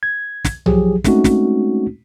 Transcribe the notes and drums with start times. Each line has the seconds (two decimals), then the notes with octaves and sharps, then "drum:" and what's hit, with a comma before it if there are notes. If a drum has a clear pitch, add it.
0.03 G#6
0.45 drum: snare
0.66 F3 F#3 G4 G#4, drum: tom B1
1.04 G#3 A3 C4 C#4 D#4 F#4, drum: snare
1.24 drum: snare